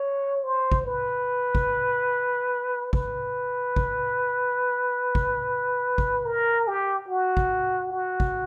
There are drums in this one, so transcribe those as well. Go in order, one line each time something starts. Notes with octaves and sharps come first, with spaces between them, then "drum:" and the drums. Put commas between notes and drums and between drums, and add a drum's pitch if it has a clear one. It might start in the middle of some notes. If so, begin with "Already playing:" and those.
Already playing: C#5
C5
drum: kick
B4
drum: kick
B4, drum: kick
drum: kick
drum: kick
drum: kick
A#4
G4
F#4
drum: kick
F#4
drum: kick